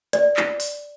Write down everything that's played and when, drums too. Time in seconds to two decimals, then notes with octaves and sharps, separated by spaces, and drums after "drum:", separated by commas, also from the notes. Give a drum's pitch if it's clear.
0.13 D5, drum: hi-hat
0.37 drum: clap
0.60 drum: open hi-hat